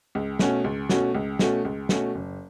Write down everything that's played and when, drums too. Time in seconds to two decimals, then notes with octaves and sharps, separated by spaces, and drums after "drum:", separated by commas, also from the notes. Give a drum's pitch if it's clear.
0.15 C#2
0.39 B2 A3 C#4 F#4, drum: snare
0.64 C#2
0.89 B2 A3 C#4 F#4, drum: snare
1.14 C#2
1.39 B2 A3 C#4 F#4, drum: snare
1.65 C#2
1.89 B2 A3 C#4 F#4, drum: snare
2.15 F#1